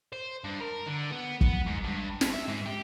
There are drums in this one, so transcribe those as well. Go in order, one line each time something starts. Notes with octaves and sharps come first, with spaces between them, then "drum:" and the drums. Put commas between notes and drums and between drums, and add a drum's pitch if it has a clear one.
C5
G2
A#4
D3
B3
B3, drum: kick
G#2
G2
F2, drum: snare
E5
G#2
G4